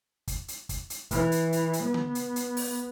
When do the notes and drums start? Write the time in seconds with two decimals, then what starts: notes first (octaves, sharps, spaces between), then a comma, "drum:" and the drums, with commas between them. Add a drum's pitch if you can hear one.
0.27 drum: kick, hi-hat
0.48 drum: hi-hat
0.69 drum: kick, hi-hat
0.90 drum: hi-hat
1.11 E3, drum: kick, hi-hat
1.32 drum: hi-hat
1.52 drum: hi-hat
1.73 drum: hi-hat
1.83 B3
1.94 drum: tom D3
2.15 drum: hi-hat
2.36 drum: hi-hat
2.57 drum: open hi-hat